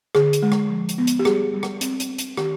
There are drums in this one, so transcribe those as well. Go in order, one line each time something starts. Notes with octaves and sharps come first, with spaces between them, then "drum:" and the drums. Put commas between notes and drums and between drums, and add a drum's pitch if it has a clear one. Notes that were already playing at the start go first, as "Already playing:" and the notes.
D3 G#4, drum: rim click
drum: hi-hat
G#3
drum: rim click
F3
drum: hi-hat
B3
drum: hi-hat
G4
G3 G#4, drum: rim click
G3
drum: rim click
C4, drum: hi-hat
drum: hi-hat
C4
drum: hi-hat
D#3 G4, drum: rim click